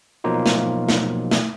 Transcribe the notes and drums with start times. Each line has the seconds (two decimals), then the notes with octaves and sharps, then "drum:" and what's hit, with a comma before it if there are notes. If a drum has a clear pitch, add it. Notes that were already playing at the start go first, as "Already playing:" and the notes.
0.24 B2 F3 F#3 A#3 D#4 F4
0.46 drum: snare
0.89 drum: snare
1.31 drum: snare